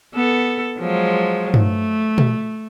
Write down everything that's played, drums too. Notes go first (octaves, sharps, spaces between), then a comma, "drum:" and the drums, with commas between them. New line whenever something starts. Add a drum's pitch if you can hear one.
B3 A4
F3 F#3 G#3
A3, drum: tom G2
drum: tom A#2